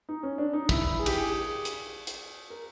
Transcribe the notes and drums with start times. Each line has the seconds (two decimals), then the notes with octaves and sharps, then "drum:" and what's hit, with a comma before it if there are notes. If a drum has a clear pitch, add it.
0.09 D#4
0.23 C#4
0.38 D4
0.53 D#4
0.69 E4, drum: kick
0.99 G#4
1.06 G4, drum: cymbal
1.13 G#4
1.65 drum: hi-hat
2.07 drum: hi-hat
2.50 A#4